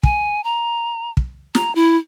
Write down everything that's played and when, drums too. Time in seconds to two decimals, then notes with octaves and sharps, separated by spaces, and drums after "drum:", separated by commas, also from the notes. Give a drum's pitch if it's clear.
0.03 G#5, drum: kick
0.44 A#5
1.17 drum: kick
1.55 A#5, drum: snare
1.75 E4